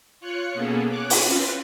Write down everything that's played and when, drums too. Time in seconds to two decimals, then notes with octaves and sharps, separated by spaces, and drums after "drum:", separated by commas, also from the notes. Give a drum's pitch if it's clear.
0.20 F4 C#5 F#6 C#7
0.54 B2 A#3 B3 C#4 G#4 A4
0.87 C#5 D6 F#6
1.10 drum: open hi-hat
1.24 C4 C#4 F4 B4